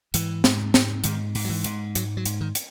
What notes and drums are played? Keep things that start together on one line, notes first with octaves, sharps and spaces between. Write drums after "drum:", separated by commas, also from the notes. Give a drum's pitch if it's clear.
G#2 E3, drum: hi-hat
G#2, drum: snare
G#2, drum: snare
G#2 D#3, drum: hi-hat
G#2, drum: open hi-hat
F#3
E3
G#2, drum: hi-hat
G#2 F#3, drum: hi-hat
F#3
G#2, drum: hi-hat
D#3
drum: hi-hat